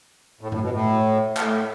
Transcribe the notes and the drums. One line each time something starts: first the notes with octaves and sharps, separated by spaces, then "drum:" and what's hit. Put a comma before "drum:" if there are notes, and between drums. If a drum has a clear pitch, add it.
A2
A2, drum: tom G2
B2
A2
A2, drum: clap